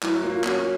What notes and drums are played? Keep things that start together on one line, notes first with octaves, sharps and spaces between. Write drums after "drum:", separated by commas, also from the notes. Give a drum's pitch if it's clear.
F#3 E4, drum: clap
A#3 F4
F4
C#4 F#4, drum: clap